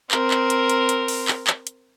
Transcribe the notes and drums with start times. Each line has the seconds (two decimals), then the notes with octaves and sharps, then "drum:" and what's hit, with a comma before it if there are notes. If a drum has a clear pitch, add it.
0.11 C4 A#4, drum: clap
0.31 drum: clap
0.50 drum: hi-hat
0.70 drum: hi-hat
0.89 drum: hi-hat
1.08 drum: open hi-hat
1.28 drum: clap
1.47 drum: clap
1.67 drum: hi-hat